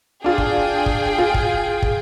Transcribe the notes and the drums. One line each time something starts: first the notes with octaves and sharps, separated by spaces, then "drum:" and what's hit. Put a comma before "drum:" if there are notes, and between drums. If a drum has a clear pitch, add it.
D4 F4 G#4 G5
drum: kick
drum: kick
F4
drum: kick
drum: kick